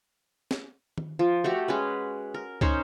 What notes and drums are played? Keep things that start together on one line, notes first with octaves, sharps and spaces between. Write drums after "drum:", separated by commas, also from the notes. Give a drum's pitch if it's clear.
drum: snare
drum: tom D#3
F3
A3 F#4 G4
G#3 C#4 B4
A#4
C#4 D#4 C5 C#5, drum: kick